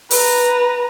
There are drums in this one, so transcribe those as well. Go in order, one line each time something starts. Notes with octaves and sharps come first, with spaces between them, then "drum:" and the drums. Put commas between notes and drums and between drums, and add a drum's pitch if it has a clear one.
B4 A#5, drum: open hi-hat